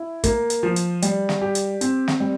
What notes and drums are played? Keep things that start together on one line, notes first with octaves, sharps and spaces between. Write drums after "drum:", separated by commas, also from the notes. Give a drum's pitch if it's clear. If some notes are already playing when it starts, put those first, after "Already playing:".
Already playing: E4
A#3, drum: kick, hi-hat
drum: hi-hat
F3
drum: hi-hat
G3, drum: hi-hat
drum: snare
G4
drum: hi-hat
C4, drum: hi-hat
drum: snare
G3